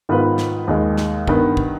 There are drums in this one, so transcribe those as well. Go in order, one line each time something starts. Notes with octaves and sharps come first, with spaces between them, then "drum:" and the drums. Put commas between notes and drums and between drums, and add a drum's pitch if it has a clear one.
G#2 D#3 B3 F4 B4
drum: snare
D#2 D#3 G#3
drum: snare
G2 D#3 B3, drum: kick
drum: kick